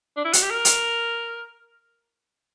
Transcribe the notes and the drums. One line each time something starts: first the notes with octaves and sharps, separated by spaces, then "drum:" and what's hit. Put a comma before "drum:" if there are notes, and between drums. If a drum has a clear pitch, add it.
D4
E4
F#4, drum: hi-hat
G4
A#4
drum: hi-hat